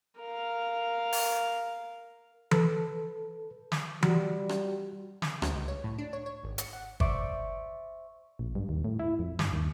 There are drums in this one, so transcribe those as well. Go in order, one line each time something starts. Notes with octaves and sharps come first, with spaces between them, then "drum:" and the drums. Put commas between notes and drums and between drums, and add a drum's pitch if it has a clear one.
A#4 F5
drum: open hi-hat
A4 B4, drum: tom E3
drum: snare
G3 F#4, drum: tom E3
drum: rim click
C#3, drum: snare
D2, drum: rim click
C#2
C#5
A2
D4
C#5
C#5
G#1
C#7, drum: hi-hat
F#5
C5 D5 E5 C#6 D6, drum: kick
A#1
G2
D#2
A2
E4
F2
G2, drum: snare
D#2